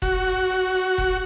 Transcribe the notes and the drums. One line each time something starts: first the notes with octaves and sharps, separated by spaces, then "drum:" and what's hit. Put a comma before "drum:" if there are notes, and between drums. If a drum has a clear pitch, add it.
F#4, drum: kick E1, hi-hat
drum: hi-hat
drum: hi-hat
drum: hi-hat
drum: kick E1